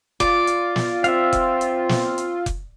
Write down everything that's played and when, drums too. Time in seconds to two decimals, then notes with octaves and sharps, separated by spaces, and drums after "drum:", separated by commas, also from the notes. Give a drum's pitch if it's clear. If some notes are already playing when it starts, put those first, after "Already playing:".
0.20 F4 D5, drum: kick F1, hi-hat
0.47 drum: hi-hat
0.76 drum: snare
1.04 C4 E5 F5, drum: hi-hat
1.33 drum: kick F1, hi-hat
1.61 drum: hi-hat
1.89 drum: snare
2.18 drum: hi-hat
2.46 drum: kick F1, hi-hat